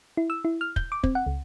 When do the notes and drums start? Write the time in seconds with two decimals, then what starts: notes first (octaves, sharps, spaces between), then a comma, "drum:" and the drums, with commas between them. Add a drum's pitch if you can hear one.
0.17 E4
0.30 E6
0.45 E4
0.61 F6
0.76 G6, drum: kick
0.92 D6
1.03 C4, drum: kick
1.15 F#5
1.26 C#2